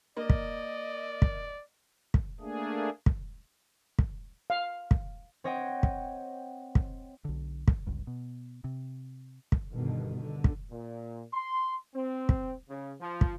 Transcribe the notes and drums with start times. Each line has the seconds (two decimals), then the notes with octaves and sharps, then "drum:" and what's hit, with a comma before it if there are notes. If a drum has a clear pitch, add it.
0.17 A#3 D5 D#5
0.30 drum: kick
1.22 drum: kick
2.14 drum: kick
2.40 A3 A#3 D4 G#4
3.06 drum: kick
3.99 drum: kick
4.50 F5
4.91 drum: kick
5.44 C4 C#5 D#5 F#5 G5
5.83 drum: kick
6.75 drum: kick
7.25 B1 D3
7.68 drum: kick
7.87 G1 C#2 G2
8.07 B2
8.64 C3
9.52 drum: kick
9.73 G1 G2 B2 D3 D#3
10.21 D3
10.44 drum: kick
10.71 A#2
11.32 C6
11.95 C4
12.29 drum: kick
12.69 C#3
13.00 F3
13.21 drum: kick